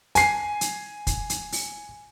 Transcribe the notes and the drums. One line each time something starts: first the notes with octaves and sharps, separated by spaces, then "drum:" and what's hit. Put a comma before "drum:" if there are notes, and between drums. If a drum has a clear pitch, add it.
G#5 C7, drum: hi-hat
drum: hi-hat
drum: kick, hi-hat
drum: hi-hat
drum: open hi-hat